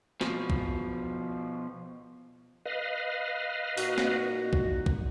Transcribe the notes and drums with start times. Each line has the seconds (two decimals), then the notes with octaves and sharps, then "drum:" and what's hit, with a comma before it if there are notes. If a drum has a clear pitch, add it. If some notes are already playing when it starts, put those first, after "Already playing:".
0.21 B2 F3, drum: snare
0.50 drum: kick A#1
2.66 B4 D#5 F5
3.77 A#2 D#4 F#4, drum: open hi-hat
3.98 drum: snare
4.53 drum: kick A#1
4.86 drum: kick A#1